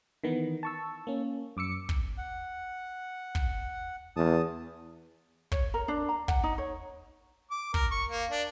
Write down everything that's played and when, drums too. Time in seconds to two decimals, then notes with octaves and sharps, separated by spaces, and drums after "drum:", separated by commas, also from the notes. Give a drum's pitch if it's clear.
0.24 D#3 E3 B3 D#4
0.63 A5 C#6 E6
1.07 A#3 C#4
1.57 F#2 D6 E6 C#7
1.89 drum: kick
2.18 F#5
3.35 drum: kick
4.16 E2 A5 D#6
5.52 C#5, drum: kick
5.74 A#4
5.88 D4
6.09 A#5
6.28 F#5, drum: kick
6.44 D#4
6.58 C#5
7.51 D6
7.74 A#4, drum: kick
7.91 C#6
8.10 A#3
8.31 D4